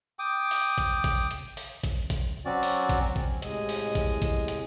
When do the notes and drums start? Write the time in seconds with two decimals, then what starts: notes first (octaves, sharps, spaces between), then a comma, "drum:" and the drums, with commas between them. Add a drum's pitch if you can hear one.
0.19 G5 D6 D#6
0.51 drum: open hi-hat
0.78 drum: kick, hi-hat
1.04 drum: kick, hi-hat
1.31 drum: hi-hat
1.57 drum: open hi-hat
1.84 drum: kick, hi-hat
2.10 drum: kick, hi-hat
2.45 F#3 C4 C#4 F#4 D5
2.63 drum: open hi-hat
2.89 drum: kick, hi-hat
3.16 drum: kick
3.42 A2 C3 G#3 D#5 G#5, drum: hi-hat
3.69 drum: open hi-hat
3.95 drum: kick, hi-hat
4.22 drum: kick, hi-hat
4.48 drum: hi-hat